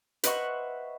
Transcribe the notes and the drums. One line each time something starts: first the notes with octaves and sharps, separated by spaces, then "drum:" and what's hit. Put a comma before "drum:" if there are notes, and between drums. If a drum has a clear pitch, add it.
B4 C5 D#5 E5 F#5 C#6, drum: hi-hat